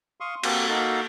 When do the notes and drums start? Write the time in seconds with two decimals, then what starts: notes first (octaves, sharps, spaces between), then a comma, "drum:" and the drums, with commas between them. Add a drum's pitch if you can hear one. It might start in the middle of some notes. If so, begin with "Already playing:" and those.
0.20 F5 C6 C#6 D#6
0.44 A#3 C4 F#4 G4 A4, drum: cymbal
0.69 A#3 D#4 F#4 A4 F5